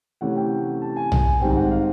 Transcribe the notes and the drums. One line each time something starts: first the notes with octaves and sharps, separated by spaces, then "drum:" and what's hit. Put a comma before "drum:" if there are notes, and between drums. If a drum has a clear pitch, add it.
C3 E3 A3 C#4 F#5
G5
A5
G#5
G#5, drum: tom B1
G#2 D#3 G3 C4 G5
F#5
F5